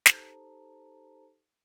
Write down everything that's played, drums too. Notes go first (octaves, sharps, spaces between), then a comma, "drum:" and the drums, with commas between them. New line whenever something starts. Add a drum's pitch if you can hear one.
D#4 G4 A4 C5 A5 A#5, drum: snare